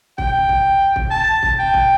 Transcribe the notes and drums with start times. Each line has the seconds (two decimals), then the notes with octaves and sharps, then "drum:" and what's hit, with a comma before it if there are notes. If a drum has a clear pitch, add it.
0.18 G5, drum: kick
0.49 drum: kick
0.96 drum: kick
1.11 A5
1.43 drum: kick
1.59 G5
1.74 drum: kick